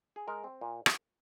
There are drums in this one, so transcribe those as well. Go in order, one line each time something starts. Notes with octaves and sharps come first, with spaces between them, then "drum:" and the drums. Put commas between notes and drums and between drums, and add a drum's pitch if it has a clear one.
G#4
G#3 A#4
C4
A#2
drum: rim click